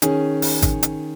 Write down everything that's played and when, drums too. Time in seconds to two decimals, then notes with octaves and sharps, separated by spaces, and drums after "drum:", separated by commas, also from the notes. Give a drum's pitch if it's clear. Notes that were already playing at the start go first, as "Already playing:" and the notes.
0.02 D#3 C#4 G#4, drum: hi-hat
0.42 drum: open hi-hat
0.62 drum: kick G#1, hi-hat
0.83 drum: hi-hat